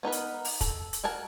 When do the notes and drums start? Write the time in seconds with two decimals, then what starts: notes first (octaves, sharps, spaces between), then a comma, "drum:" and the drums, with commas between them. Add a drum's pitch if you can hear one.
0.03 B3 D#4 A#4 B4
0.12 drum: hi-hat
0.45 drum: open hi-hat
0.61 A4, drum: kick, hi-hat
0.93 drum: hi-hat
1.04 F#4 A#4 G#5 A5